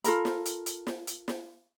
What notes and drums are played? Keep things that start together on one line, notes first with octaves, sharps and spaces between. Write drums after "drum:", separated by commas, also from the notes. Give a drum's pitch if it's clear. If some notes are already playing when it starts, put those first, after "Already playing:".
F4 A4 A#4 B5, drum: hi-hat
drum: snare
drum: hi-hat
drum: hi-hat
drum: snare
drum: hi-hat
drum: snare